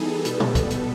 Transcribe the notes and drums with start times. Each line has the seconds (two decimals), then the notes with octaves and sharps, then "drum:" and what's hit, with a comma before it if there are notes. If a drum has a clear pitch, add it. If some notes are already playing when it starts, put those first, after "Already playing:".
Already playing: E3 G3 B3 D#4 G#4 A4
0.25 B2 G3 B3 A4, drum: hi-hat
0.40 drum: tom A#2
0.55 drum: kick, hi-hat
0.70 drum: hi-hat